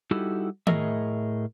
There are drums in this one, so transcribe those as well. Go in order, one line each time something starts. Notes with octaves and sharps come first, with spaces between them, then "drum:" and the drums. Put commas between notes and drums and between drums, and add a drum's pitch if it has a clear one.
G3 D#4 E4 F#4 G4 A4
A2 A3 G#4 A#4 D#5 E5, drum: tom D#3